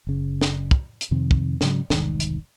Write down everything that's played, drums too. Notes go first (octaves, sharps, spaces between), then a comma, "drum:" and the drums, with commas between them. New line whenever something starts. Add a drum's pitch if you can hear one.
F#1 C#3
drum: snare
drum: kick
drum: hi-hat
F2 C3 D#3 C4
drum: kick
G#2 C#3 F#3, drum: snare
E1 C2 G#2 D#3, drum: snare
drum: hi-hat